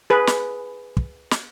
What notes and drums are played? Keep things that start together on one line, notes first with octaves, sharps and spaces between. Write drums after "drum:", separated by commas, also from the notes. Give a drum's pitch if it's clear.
G#4 B4
drum: snare
drum: kick
drum: snare